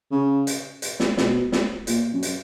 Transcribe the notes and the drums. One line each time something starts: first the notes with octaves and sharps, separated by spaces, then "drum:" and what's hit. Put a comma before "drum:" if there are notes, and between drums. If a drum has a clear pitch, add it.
C#3
drum: hi-hat
drum: hi-hat
drum: snare
B2, drum: snare
drum: snare
A#2, drum: hi-hat
F#2
drum: hi-hat